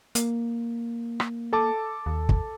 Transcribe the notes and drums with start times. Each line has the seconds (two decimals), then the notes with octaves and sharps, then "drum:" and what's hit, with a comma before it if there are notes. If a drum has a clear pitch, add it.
0.15 A#3, drum: hi-hat
1.20 drum: rim click
1.53 A4 A5 D6
2.06 D#2
2.29 drum: kick